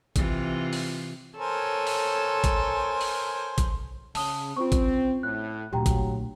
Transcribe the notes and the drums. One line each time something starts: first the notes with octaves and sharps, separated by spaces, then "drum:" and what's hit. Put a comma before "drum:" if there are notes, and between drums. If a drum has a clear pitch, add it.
C3 E3 F4, drum: kick, hi-hat
drum: open hi-hat
A4 A#4 C5 C#5 G#5
drum: open hi-hat
drum: kick, hi-hat
drum: open hi-hat
drum: kick, hi-hat
C#3 C#4 A5 D#6 G7, drum: open hi-hat
C4 F4 C5 C#6
drum: kick, hi-hat
A2 F#6
D2 A#2 F#3 G4 G5 A#5
drum: kick, hi-hat